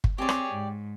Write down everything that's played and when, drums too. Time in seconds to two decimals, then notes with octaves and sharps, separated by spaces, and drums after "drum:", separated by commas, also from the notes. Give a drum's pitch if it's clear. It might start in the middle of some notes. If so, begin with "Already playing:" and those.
0.04 drum: kick
0.18 C4 G4 G#4 C#5 D5
0.29 drum: rim click
0.53 G#2